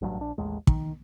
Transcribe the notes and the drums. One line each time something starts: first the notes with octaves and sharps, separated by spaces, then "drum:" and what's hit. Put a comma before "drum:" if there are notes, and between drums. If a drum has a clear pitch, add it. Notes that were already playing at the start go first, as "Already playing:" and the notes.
A1 G2 F#3
A#1 D4
A1 D#2 G#3
D#3, drum: kick